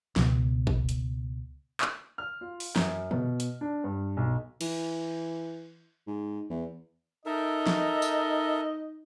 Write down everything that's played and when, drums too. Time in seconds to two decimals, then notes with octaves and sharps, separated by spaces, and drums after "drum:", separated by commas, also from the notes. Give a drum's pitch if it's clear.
0.16 C#2 B2, drum: snare
0.67 drum: kick
0.89 drum: hi-hat
1.81 drum: clap
2.18 F6
2.41 F4
2.60 drum: open hi-hat
2.76 F#2, drum: snare
3.11 B2, drum: tom
3.40 drum: hi-hat
3.61 D4
3.84 G2
4.17 B1
4.61 E3, drum: cymbal
6.07 G#2
6.50 E2
7.26 D#4 A4 A#4 D#5 E5
7.67 drum: snare
8.02 drum: tambourine